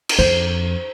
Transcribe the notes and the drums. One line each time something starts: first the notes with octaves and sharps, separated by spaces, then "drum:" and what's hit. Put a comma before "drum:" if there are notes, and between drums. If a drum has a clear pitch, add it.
drum: cymbal
F2 C5